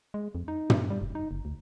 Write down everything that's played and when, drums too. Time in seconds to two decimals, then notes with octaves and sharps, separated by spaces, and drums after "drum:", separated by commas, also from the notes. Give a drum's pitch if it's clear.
0.14 G#3
0.35 F2
0.48 D#4
0.70 A#2, drum: tom
0.90 G3
1.02 F1
1.15 D#4
1.31 F#1
1.45 D2